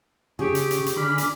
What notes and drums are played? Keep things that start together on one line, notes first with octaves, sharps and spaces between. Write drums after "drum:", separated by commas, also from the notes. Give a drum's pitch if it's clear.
C#3 G4 G#4 C#6
drum: hi-hat
drum: hi-hat
drum: hi-hat
D3 G#5 B5 D6 F6
drum: hi-hat